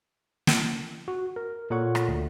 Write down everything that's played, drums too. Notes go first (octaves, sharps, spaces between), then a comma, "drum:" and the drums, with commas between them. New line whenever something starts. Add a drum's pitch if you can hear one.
drum: snare
F#4
A#4
A#2 A4 C#5 F#5 C#6
drum: rim click
D2